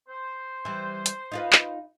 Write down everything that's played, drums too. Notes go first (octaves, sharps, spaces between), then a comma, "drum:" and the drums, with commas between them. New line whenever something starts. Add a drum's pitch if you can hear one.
C5
E3 G3
drum: hi-hat
D#4 F4 B4
drum: clap